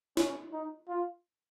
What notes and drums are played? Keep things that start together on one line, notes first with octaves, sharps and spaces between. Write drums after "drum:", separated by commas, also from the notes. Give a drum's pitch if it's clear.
C#4, drum: snare
D#4
F4